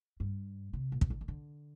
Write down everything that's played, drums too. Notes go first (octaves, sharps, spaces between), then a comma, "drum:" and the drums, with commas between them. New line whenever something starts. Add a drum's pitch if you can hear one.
G2
C3
A#2
C3, drum: kick
D3
D#3
D3